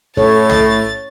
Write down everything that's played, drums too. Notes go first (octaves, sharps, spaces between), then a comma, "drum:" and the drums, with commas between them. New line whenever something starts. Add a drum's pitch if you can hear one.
A2 A4 C#5 A6
drum: tom